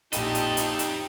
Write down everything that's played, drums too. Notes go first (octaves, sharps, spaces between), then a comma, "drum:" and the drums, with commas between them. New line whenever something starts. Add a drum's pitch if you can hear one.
A#1 F2 D#4 G4 A4 G5 D#7, drum: hi-hat
drum: hi-hat
drum: hi-hat
drum: hi-hat